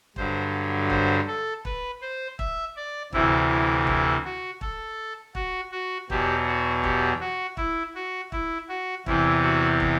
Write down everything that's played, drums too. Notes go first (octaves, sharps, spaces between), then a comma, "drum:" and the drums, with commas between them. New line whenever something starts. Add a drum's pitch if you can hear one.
G2 D3 F#3 C5, drum: kick
C5, drum: kick
A4
B4, drum: kick
C5
E5, drum: kick
D5
D2 C3 E3 E4, drum: kick
E4
E4, drum: kick
F#4
A4, drum: kick
F#4, drum: kick
F#4
E2 B2 F#3 G4, drum: kick
F#4
G4, drum: kick
F#4
E4, drum: kick
F#4
E4, drum: kick
F#4
E2 C3 E3 E4, drum: kick
F#4
drum: kick